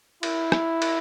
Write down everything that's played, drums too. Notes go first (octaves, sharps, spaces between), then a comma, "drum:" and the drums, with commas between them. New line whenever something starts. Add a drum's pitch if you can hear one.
E4, drum: cymbal
drum: rim click
drum: cymbal